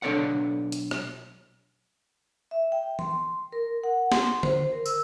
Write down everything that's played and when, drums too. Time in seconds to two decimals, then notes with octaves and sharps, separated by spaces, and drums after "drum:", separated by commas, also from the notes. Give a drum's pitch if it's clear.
0.02 B1 D4 A4 C#5 D5 F#5
0.72 drum: hi-hat
0.91 drum: rim click
2.51 E5
2.72 G5
2.99 C6, drum: tom E3
3.52 A#4
3.84 F#5
4.12 C6, drum: snare
4.43 C5, drum: tom D3
4.73 A#4
4.86 E6, drum: tambourine